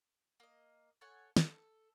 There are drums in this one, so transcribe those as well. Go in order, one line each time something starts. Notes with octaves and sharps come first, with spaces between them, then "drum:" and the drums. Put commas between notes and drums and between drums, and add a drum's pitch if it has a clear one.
A#3 D#5
A4 C#5 F#5 G#5
A4, drum: snare